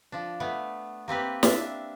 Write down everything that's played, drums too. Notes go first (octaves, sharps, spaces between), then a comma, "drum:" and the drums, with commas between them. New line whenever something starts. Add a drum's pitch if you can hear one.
F3 D4
A3 B3
A#3 C4 G4 B4
D4 E5 F5, drum: snare